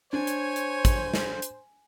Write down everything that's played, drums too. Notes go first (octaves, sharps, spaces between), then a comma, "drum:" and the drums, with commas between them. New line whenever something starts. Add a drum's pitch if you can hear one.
D4 C5 C#5 G#5
drum: hi-hat
drum: hi-hat
drum: kick, hi-hat
drum: snare
drum: hi-hat